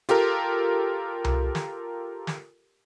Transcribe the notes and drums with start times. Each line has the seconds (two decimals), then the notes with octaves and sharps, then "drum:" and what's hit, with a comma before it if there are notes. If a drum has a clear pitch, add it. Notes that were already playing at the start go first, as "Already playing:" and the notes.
0.09 F4 G4 A4 A#4, drum: hi-hat
1.24 drum: tom C2
1.55 drum: snare
2.27 drum: snare